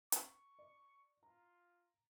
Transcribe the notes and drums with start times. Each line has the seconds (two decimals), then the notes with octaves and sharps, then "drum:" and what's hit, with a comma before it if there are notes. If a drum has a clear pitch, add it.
0.12 C#6, drum: hi-hat
0.59 D5
1.23 F4 A#5